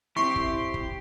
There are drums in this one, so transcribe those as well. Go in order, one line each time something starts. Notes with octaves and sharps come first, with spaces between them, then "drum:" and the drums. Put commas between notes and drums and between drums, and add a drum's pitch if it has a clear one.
C4 E4 G4 C6 C#6
drum: kick
drum: kick